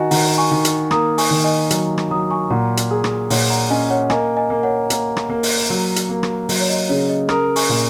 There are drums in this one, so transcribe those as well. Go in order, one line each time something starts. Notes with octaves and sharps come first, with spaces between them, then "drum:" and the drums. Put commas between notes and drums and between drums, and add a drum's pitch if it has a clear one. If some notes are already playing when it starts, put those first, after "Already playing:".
Already playing: D#3 F#4 D#5 F#5 G#5 A#5
D#3 F#5 A#5, drum: open hi-hat
G#5 C#6
D#3
drum: hi-hat
A#3 A#5 D#6, drum: rim click
G#5 C#6, drum: open hi-hat
D#3
D#5 G#5
F#3, drum: hi-hat
drum: rim click
F#3 A#5 D#6
G#5 C#6
A#2 F#5 A#5
drum: hi-hat
G#4
drum: rim click
A#2 C#5 F#5, drum: open hi-hat
F#5 A#5
C#4 D#5 G#5
C#5 F#5
A#3 D#5 G#5, drum: rim click
D#5 G#5
A#3
C#5 F#5
A#3, drum: hi-hat
drum: rim click
A#3
drum: open hi-hat
F#3
drum: hi-hat
A#3
drum: rim click
F#3, drum: open hi-hat
C#5
D#5
C#3 C#5
D#5
A#4 A#5 D#6, drum: rim click
G#5 C#6, drum: open hi-hat
A#2